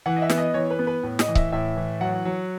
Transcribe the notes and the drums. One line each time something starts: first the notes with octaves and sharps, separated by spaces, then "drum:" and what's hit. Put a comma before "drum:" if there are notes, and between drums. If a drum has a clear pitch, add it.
E3 F#5
D#5
E5
B3, drum: snare
D#5
E3 C#5
B4
B3
B4
A2
D#5, drum: snare
E3
E5, drum: kick C#1
A2 E5
E3
F#3 F#5
F#3